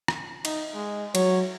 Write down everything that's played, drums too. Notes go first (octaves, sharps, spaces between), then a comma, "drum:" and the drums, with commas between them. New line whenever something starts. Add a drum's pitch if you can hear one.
drum: rim click
D#4, drum: cymbal
G#3
F#3 C#5, drum: cymbal